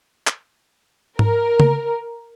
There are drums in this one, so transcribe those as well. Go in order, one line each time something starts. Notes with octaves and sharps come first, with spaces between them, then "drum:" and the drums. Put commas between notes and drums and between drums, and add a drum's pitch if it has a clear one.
drum: clap
A#4, drum: tom G#2
drum: tom C#3